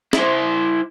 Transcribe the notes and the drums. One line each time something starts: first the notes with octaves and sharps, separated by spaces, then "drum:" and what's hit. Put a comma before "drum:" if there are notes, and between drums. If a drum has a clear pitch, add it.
E4 C5, drum: snare